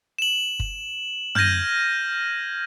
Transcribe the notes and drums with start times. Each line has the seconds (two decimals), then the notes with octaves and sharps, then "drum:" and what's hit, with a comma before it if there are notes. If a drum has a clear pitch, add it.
0.19 E7 F#7
0.60 drum: kick
1.35 F6 G6 G#6 A#6 D#7, drum: tom